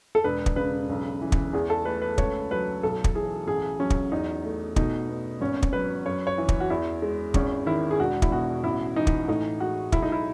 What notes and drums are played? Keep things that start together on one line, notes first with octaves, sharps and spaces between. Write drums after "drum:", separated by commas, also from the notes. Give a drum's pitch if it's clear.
A4
E1 B4
drum: kick
C#3 B4
B1
E3
drum: kick
E2 G#4
A4
A3 B4
B4
C#2 C#5, drum: kick
F#3 B4
B1 A4
drum: kick
E3 G#4
A1 G#4
F#3 C#4
drum: kick
E2 D#4
A3
B2 D#4, drum: kick
B3
G#1 C#4
drum: kick
F#3 B4
F#2 C#5
C#5
E3
drum: kick
F#4
E2 E4
G#3
G#1 C#4, drum: kick
D#3 E4
G#4
E1 F#4
E4, drum: kick
B2 F#4
A1 E4
E3 D#4
drum: kick
A2 D#4
G#3 F#4
B1 E4, drum: kick
D#4
E4